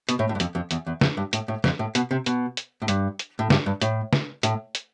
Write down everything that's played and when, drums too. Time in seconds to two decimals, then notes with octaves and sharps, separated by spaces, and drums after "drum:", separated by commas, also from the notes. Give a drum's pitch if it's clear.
0.09 B2, drum: hi-hat
0.19 A2
0.29 A2
0.35 G2
0.40 F2, drum: hi-hat
0.55 F2
0.71 E2, drum: hi-hat
0.87 E2
1.01 F2, drum: snare
1.17 G2
1.33 A2, drum: hi-hat
1.48 A2
1.64 F2, drum: snare
1.79 A2
1.95 B2, drum: hi-hat
2.11 C3
2.26 B2, drum: hi-hat
2.57 drum: hi-hat
2.82 A2
2.88 G2, drum: hi-hat
3.19 drum: hi-hat
3.39 A2
3.50 G2, drum: snare
3.66 G2
3.81 A2, drum: hi-hat
4.13 drum: snare
4.43 A2, drum: hi-hat
4.75 drum: hi-hat